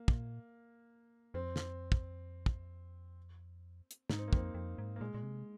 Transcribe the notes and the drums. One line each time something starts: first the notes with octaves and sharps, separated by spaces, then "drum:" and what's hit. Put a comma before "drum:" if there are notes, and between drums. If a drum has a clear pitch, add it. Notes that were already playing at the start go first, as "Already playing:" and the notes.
Already playing: A#3
C3, drum: kick
A#2
F2 C4
drum: snare
drum: kick
drum: kick
drum: hi-hat
G#2 D#4, drum: snare
C4
A#3
F2 C4, drum: kick
F2
G#2
A#3
A#2 G#3
A#2
C3